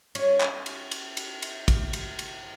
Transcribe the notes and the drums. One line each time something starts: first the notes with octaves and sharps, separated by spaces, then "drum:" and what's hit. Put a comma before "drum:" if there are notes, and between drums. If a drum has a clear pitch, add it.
C#4 C#5, drum: cymbal
drum: clap
drum: cymbal
drum: cymbal
drum: cymbal
drum: cymbal
drum: kick, cymbal
drum: cymbal
drum: cymbal